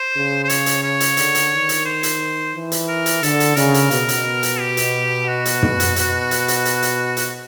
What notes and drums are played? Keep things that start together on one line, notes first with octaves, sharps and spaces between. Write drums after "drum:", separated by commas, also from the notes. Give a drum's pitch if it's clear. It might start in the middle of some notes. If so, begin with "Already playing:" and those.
Already playing: C5
C#3
C5
C#5, drum: hi-hat
drum: hi-hat
C#5
drum: hi-hat
D3, drum: hi-hat
drum: hi-hat
D#3
drum: hi-hat
C5
drum: hi-hat
E3
drum: hi-hat
A#4
drum: hi-hat
D3 A4, drum: hi-hat
drum: hi-hat
C#3 A#4, drum: hi-hat
drum: hi-hat
B2, drum: hi-hat
drum: hi-hat
drum: hi-hat
G4
drum: hi-hat
F#4
drum: hi-hat
drum: tom
drum: hi-hat
B2, drum: hi-hat
drum: hi-hat
drum: hi-hat
drum: hi-hat
drum: hi-hat
drum: hi-hat